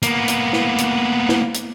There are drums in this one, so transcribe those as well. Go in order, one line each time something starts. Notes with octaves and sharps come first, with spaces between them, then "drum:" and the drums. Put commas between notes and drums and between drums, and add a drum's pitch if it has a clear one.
A#3 B3, drum: hi-hat
drum: hi-hat
drum: snare
drum: hi-hat
drum: snare
drum: hi-hat